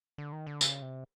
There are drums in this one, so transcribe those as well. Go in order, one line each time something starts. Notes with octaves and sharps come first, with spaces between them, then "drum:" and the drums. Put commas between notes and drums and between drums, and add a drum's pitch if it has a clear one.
D3
D#3
D3
C#3, drum: tambourine
C3